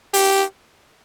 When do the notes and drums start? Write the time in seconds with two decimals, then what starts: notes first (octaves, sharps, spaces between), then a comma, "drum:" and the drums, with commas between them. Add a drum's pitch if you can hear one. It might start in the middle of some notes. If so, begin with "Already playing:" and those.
0.14 G4, drum: open hi-hat